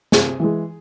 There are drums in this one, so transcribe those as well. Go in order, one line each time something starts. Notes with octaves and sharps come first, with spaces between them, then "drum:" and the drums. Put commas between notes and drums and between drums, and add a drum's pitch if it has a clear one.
C3 G#4, drum: snare
E3 G#3